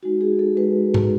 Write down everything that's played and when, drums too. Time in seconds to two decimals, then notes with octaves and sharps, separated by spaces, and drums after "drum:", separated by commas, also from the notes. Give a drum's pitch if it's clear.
0.03 G#3 D#4 F#4
0.21 G#4
0.39 A4
0.57 G#3 B4
0.94 drum: tom G#2